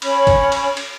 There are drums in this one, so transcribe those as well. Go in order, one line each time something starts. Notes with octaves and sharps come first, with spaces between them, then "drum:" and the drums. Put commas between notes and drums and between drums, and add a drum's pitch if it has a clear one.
C#4 C#5 B5, drum: cymbal
drum: kick, cymbal
drum: cymbal
drum: cymbal